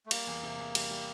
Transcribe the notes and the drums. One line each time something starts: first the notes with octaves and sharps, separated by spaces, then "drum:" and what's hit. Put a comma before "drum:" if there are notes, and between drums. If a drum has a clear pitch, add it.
A3
G3 A#3, drum: cymbal
E2
C3
E2
G3, drum: cymbal
G3